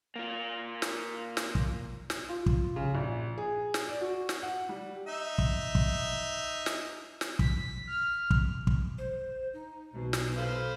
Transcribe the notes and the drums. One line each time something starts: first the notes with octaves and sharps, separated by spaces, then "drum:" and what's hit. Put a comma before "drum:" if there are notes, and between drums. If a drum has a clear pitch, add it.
A#3 F4
drum: snare
drum: snare
drum: kick
drum: snare
F4
drum: kick
C#3
A#1
G#4
drum: snare
D5
F#4
drum: snare
F#5
G3
D#4 E5
drum: kick
drum: kick
drum: snare
drum: snare
B6, drum: kick
F6
drum: kick
drum: kick
C5
D#4
B1 B2
drum: snare
A4 B4 C5 F5